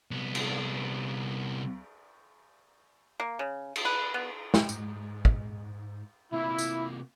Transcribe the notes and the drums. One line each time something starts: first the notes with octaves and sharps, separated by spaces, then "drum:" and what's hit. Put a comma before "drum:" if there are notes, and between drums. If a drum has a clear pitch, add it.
C2 B3
drum: cymbal
A#3
C#3
drum: cymbal
B4
B3
drum: snare
G#2, drum: tambourine
drum: kick
C3 A#3 E4 F4
drum: tambourine